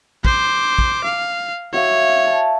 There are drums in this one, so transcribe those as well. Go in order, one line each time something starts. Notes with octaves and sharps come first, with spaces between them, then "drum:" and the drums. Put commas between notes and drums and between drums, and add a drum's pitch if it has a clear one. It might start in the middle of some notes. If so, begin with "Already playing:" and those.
C5 D6, drum: kick
drum: kick
F5 A#5 D#6
F#4 C#5 E5 F5
A5